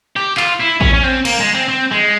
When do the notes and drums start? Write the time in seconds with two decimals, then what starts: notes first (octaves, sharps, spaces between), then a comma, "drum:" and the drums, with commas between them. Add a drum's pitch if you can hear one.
0.16 G4
0.37 F4, drum: clap
0.60 E4
0.81 C#4, drum: kick A1
0.94 C#4
1.04 C4
1.25 A#3, drum: cymbal
1.40 G#3
1.54 C4
1.68 C4
1.92 G#3